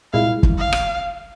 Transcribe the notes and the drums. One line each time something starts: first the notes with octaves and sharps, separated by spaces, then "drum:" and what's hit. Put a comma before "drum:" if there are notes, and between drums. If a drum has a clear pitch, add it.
C2 A#2 G#3 E4 F5
drum: kick
F5
drum: rim click